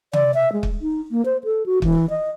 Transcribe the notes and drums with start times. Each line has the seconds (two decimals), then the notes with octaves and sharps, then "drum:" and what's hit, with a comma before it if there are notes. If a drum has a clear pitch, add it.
0.13 D5, drum: tom C3
0.34 E5
0.53 G#3
0.63 drum: kick
0.82 D#4
1.11 A#3
1.25 C5
1.44 A4
1.66 F#4
1.82 E3, drum: kick
2.10 D#5